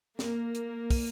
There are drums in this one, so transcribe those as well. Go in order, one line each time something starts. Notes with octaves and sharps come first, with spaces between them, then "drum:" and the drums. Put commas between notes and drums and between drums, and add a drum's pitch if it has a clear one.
A#3, drum: snare
drum: hi-hat
drum: kick, open hi-hat